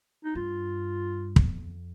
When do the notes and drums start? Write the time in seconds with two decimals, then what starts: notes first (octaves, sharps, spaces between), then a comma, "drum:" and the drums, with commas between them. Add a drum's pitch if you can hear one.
0.24 D#4
0.35 G2 F4
1.36 F2, drum: kick